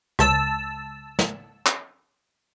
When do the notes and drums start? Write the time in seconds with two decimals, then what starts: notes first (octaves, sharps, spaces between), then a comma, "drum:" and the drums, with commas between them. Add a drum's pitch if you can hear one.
0.19 C#2 A5 E6, drum: rim click
1.19 drum: snare
1.66 drum: clap